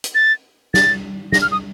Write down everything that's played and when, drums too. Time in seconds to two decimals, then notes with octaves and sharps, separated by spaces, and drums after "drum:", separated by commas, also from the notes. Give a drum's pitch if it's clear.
0.04 drum: hi-hat
0.15 A6
0.74 A6, drum: snare
1.32 A#6, drum: snare
1.42 F6
1.52 D#6